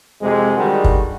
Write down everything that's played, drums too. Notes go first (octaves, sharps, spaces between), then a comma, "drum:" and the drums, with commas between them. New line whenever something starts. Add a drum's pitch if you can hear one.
F2 C3 G#3
D3 D#3 G3 F#4 G#4
drum: kick